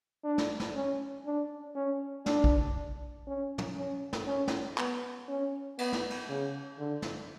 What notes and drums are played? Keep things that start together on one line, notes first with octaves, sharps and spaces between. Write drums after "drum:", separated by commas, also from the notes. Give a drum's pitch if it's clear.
D4
drum: snare
drum: snare
C#4
D4
C#4
D4, drum: snare
drum: kick A#1
C#4
drum: tom
C#4
drum: snare
C#4
drum: snare
B3, drum: clap
C#4
B3, drum: cymbal
drum: snare
drum: cymbal
C#3
D3
drum: snare